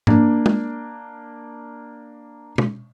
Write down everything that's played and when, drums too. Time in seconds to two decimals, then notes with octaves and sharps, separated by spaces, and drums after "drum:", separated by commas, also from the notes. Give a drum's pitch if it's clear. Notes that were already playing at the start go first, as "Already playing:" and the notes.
0.07 A#3 D4, drum: tom G#2
0.46 drum: tom
2.58 drum: tom